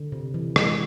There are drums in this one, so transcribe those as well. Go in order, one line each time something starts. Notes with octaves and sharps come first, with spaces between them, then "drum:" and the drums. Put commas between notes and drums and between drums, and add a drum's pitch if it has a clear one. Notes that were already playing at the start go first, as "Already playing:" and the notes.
Already playing: D3
C3
E3
G#3, drum: rim click